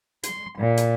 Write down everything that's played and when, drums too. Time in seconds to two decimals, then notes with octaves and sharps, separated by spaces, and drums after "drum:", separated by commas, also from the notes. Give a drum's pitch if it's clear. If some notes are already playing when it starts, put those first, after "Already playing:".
0.23 C6, drum: hi-hat
0.58 A#2
0.77 drum: hi-hat